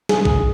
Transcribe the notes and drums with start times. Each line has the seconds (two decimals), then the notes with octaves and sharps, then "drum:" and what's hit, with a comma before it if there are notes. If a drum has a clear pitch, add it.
0.09 G#4, drum: snare
0.25 drum: kick A#1